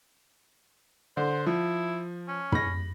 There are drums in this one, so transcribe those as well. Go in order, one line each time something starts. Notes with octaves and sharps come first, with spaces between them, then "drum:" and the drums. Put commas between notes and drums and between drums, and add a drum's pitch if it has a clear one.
D3 C5
F3 E4
C#4
B5 A#6, drum: tom